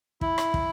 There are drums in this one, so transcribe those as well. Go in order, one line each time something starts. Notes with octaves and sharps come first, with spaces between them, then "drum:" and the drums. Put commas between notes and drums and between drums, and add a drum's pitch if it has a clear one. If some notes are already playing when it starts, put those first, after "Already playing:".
E4, drum: kick
drum: rim click
drum: kick